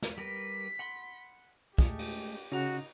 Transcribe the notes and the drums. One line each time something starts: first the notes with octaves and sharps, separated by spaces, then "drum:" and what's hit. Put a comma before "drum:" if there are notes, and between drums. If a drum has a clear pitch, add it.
drum: snare
G3 A#4 B4 B6
F#5 B5 C6
G#3 A3 G4, drum: kick
drum: cymbal
C#3 C#4 D#4 F#4 A#5